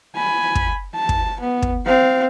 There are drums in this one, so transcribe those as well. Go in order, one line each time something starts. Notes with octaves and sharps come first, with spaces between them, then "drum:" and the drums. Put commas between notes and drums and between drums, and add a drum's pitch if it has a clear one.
G#5 B5
drum: kick
A5
drum: kick
B3
drum: kick
C4 F5